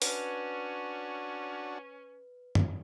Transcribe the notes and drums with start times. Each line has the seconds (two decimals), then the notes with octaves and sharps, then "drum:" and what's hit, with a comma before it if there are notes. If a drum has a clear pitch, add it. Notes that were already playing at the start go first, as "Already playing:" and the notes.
0.02 C#4 D4 F#4 B4, drum: open hi-hat
2.55 drum: tom F#2